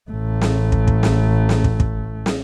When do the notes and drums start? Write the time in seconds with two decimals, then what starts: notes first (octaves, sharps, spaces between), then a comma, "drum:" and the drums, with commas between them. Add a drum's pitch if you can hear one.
0.11 A1 A3
0.41 drum: snare
0.72 drum: kick
0.88 drum: kick
1.03 drum: snare
1.49 drum: snare
1.64 drum: kick
1.80 drum: kick
2.26 drum: snare